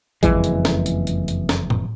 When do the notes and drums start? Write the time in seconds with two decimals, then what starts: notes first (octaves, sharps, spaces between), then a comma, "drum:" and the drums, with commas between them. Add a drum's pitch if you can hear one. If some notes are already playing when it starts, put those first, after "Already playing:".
0.23 F#1 F2 E3 G#3, drum: kick G#1, hi-hat
0.44 drum: hi-hat
0.65 drum: snare
0.86 drum: hi-hat
1.07 drum: hi-hat
1.28 drum: hi-hat
1.49 drum: snare
1.70 drum: tom A2